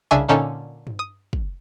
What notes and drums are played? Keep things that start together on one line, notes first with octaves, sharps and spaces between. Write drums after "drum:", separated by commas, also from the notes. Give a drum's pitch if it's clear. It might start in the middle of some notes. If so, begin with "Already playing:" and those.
C2 C#3 D4 E5 G#5 C#6
A#2 D3 C#4 D#4 A4
drum: tom G2
D#6
drum: kick